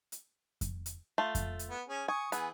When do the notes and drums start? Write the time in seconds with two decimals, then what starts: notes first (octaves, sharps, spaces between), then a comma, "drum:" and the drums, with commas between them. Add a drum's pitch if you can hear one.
0.12 drum: hi-hat
0.61 drum: kick F2, hi-hat
0.86 drum: hi-hat
1.18 A3 F4
1.35 drum: kick F2, hi-hat
1.59 drum: hi-hat
1.70 B3
1.88 C#4 G#4 G#5
2.08 G#5 C#6 D#6
2.32 E3 B3 G#4, drum: hi-hat